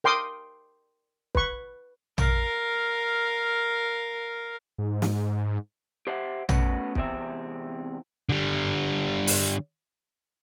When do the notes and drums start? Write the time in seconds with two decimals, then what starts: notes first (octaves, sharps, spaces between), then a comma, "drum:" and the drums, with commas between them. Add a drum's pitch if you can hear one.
0.04 A#4 G5 C6 D6 D#6
1.35 B4 C#6, drum: kick
2.18 A#4 F5, drum: tom A#1
4.78 G#2
5.02 drum: snare
6.07 G4 C5 E5 F#5
6.49 A3 B3 C#4 F#4, drum: tom A#1
6.95 E2 C3 C4 E5, drum: kick
8.29 D3 G3
9.27 drum: open hi-hat